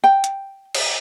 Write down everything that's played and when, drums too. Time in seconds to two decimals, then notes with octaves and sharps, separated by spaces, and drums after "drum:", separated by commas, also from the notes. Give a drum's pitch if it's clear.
0.04 G5
0.24 drum: hi-hat
0.75 drum: cymbal